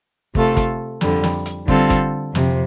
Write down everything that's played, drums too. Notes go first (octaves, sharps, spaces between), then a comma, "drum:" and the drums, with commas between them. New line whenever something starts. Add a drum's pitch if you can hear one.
C3 A3 F4 A4, drum: kick
drum: kick, hi-hat
F2 D3 G3, drum: snare
drum: snare
drum: hi-hat
D3 G3 C4 F4 A4, drum: kick
drum: kick, hi-hat
F2 C3, drum: snare